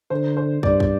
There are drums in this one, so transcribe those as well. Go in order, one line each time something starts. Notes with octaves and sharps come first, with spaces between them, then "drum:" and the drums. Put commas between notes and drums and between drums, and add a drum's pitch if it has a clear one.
D3 C5
C5
G2 D5, drum: kick
drum: kick